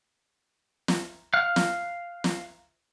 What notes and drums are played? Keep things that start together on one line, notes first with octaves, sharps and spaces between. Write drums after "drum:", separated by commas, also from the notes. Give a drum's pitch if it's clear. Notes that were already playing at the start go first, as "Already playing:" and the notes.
drum: snare
F5 F6 F#6
drum: snare
drum: snare